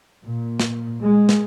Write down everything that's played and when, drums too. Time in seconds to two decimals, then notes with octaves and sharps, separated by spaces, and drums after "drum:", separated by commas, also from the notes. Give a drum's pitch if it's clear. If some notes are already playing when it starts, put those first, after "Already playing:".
0.25 A#2
0.60 drum: snare
1.01 G#3
1.29 drum: snare